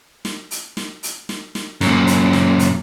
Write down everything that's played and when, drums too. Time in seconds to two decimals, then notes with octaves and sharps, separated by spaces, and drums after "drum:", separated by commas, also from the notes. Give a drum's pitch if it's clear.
0.25 drum: snare
0.51 drum: hi-hat
0.77 drum: snare
1.03 drum: hi-hat
1.29 drum: snare
1.55 drum: snare
1.81 F#2 A#2, drum: snare
2.07 drum: hi-hat
2.33 drum: snare
2.59 drum: hi-hat